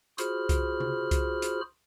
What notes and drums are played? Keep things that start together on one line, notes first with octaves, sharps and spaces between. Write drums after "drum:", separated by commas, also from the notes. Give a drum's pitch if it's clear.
F4 F#4 G#4 C5 B5 F6, drum: hi-hat
drum: kick C2, hi-hat
drum: tom C3
drum: kick C2, hi-hat
drum: hi-hat